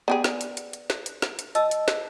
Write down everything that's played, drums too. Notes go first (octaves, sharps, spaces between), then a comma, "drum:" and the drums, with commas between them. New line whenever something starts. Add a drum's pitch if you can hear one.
B3 G4 G#4 D5
drum: snare
drum: hi-hat
drum: hi-hat
drum: hi-hat
drum: snare
drum: hi-hat
drum: snare
drum: hi-hat
D#5 A5 E6, drum: hi-hat
drum: hi-hat
drum: snare